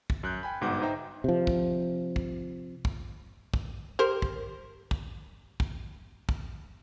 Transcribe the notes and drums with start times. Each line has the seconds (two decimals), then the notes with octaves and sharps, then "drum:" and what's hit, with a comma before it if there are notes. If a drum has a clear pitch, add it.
0.10 drum: kick
0.23 F#2 F#6 G6
0.43 G5 G#5 B5
0.61 G1 G#2 B2 F#5 D6 G6
0.82 D#4 C5 E5 G5 A#5
1.24 C3 F3
1.47 drum: kick
2.16 drum: kick
2.85 drum: kick
3.54 drum: kick
3.99 G4 A#4 C5
4.22 drum: kick
4.91 drum: kick
5.60 drum: kick
6.29 drum: kick